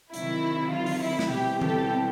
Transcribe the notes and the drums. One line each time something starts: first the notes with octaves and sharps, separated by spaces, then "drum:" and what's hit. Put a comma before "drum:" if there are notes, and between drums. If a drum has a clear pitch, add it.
C3 D#3 F#3 E4, drum: hi-hat
F4
drum: open hi-hat
E4
drum: snare
B2 G3 C4 E4 G4
G4 A4, drum: tom D#3